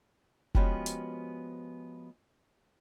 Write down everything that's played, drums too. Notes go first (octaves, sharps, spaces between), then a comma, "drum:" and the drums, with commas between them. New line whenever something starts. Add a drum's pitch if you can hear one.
F3 G#3 B3 C#4 F#4 G4, drum: kick
drum: hi-hat